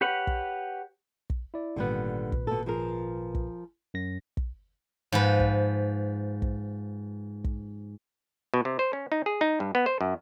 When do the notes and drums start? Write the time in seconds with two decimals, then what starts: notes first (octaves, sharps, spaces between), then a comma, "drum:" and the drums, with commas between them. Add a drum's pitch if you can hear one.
0.01 G4 B4 C#5 F#5
0.27 drum: kick
1.30 drum: kick
1.54 E4 D5
1.76 G#1 A#2 D3 G3 B3 B4
2.32 drum: kick
2.47 B2 A4
2.66 F3 G#4 A#4
3.35 drum: kick
3.94 F#2 A#6
4.37 drum: kick
5.12 G#2 F3 B4
5.40 drum: kick
6.42 drum: kick
7.44 drum: kick
8.54 B2
8.65 C3
8.79 C5
8.93 C#4
9.12 D#4
9.26 G#4
9.41 D#4
9.60 G2
9.75 B3
9.86 C5
10.01 F#2